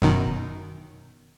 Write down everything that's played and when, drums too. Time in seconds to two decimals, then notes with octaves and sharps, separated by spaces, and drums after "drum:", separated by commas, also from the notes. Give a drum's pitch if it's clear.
0.02 F#2 B2 D#3, drum: kick F#2